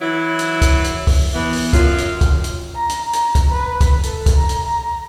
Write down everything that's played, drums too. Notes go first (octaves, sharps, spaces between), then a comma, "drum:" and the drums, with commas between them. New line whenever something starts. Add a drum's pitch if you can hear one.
E3 F#3 E4
drum: hi-hat
drum: kick, hi-hat
drum: hi-hat
drum: kick, open hi-hat
E3 B3
drum: open hi-hat
F#2 F4, drum: kick, hi-hat
drum: hi-hat
drum: kick, hi-hat
drum: hi-hat
A#5
drum: hi-hat
A#5, drum: hi-hat
drum: kick, hi-hat
B4
drum: kick, hi-hat
A4, drum: hi-hat
drum: kick, hi-hat
A#5
drum: hi-hat
A#5